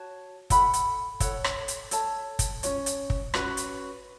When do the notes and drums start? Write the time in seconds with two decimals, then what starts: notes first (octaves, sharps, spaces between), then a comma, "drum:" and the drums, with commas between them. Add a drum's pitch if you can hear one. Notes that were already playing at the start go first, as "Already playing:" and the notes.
Already playing: F#4 C#5 A5
0.50 A4 F#5 B5, drum: kick, hi-hat
0.73 drum: hi-hat
1.20 A4 C#5 F#5, drum: kick, hi-hat
1.44 drum: rim click
1.68 drum: hi-hat
1.91 A4 C#5 A5, drum: hi-hat
2.39 drum: kick, hi-hat
2.63 C#4 F#4 C#5, drum: hi-hat
2.86 drum: hi-hat
3.10 drum: kick
3.34 C#4 F#4 B4 F#5, drum: rim click
3.57 drum: hi-hat